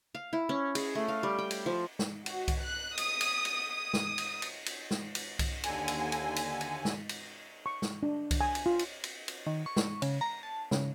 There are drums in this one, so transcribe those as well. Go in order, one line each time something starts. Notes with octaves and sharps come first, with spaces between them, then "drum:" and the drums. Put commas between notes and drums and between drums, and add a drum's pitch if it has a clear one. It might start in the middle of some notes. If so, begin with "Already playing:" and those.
F5
E4
C#4
G#4, drum: cymbal
A3
F5
G3
G5
drum: cymbal
F3
drum: snare
F#4, drum: cymbal
drum: kick C2, cymbal
F#6
D#6, drum: cymbal
drum: cymbal
drum: cymbal
D#6
drum: snare
drum: cymbal
drum: cymbal
drum: cymbal
drum: snare
drum: cymbal
drum: kick C2, cymbal
D#2 D3 G#5, drum: cymbal
drum: cymbal
drum: cymbal
drum: cymbal
drum: cymbal
drum: snare
drum: cymbal
C#6
drum: snare
D4
drum: kick C2, cymbal
G#5
drum: cymbal
F4
drum: cymbal
drum: cymbal
drum: cymbal
D#3
C#6
drum: snare
C#3, drum: cymbal
A#5
A5
C#3, drum: snare